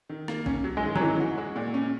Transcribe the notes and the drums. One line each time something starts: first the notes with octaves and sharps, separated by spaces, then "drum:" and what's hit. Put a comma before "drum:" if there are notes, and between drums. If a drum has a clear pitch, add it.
D#3
A#3, drum: rim click
C#4, drum: kick A#1
F#3
G#3
D#3
F#3, drum: tom D3
E3 C#4
F#4
G#3
A#2
C#4